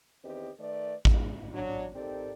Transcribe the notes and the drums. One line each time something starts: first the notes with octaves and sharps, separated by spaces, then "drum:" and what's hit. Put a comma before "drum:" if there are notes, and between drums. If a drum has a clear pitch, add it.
E2 D#3 C4 G4 B4 D#5
D#3 A3 B4 D5
G#3, drum: kick A1
F#3 D4
C4 D#4 G4 A4 A#4 D5